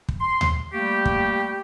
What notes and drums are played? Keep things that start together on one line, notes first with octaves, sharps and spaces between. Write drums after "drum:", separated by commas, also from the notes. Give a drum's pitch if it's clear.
drum: kick
C6
drum: tom D2
G3 A3 A#3 G4
drum: kick